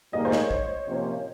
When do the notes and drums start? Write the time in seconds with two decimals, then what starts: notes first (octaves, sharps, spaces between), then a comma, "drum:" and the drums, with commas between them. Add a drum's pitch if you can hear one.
0.13 D#3 G3 A#3 D#4 G#4 D#5
0.25 C5
0.32 C#5, drum: snare
0.51 drum: kick
0.87 C3 F3 A#3 C#4